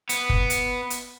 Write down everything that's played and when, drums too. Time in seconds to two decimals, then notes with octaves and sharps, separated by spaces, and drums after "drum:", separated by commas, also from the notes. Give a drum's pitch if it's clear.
0.09 B3, drum: hi-hat
0.30 drum: kick
0.50 drum: hi-hat
0.90 drum: hi-hat